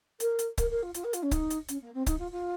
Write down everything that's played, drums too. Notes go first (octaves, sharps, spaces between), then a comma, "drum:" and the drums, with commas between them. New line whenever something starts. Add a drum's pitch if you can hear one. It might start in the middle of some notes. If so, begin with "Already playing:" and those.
A#4, drum: hi-hat
drum: hi-hat
A#4, drum: kick C#1, hi-hat
A#4
F4
F4, drum: hi-hat
A#4
F4, drum: hi-hat
C#4
D#4, drum: kick C#1, hi-hat
drum: hi-hat
C#4, drum: hi-hat
A#3
C4
D#4, drum: kick C#1, hi-hat
F4
F4